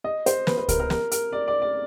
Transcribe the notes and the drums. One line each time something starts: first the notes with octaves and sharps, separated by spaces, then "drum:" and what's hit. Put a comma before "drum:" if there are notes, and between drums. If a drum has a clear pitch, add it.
D#5
C5, drum: hi-hat
B4, drum: snare
B4
A#4, drum: kick C#2, hi-hat
A#4
A#4, drum: snare
A#4, drum: hi-hat
D5
D5
D5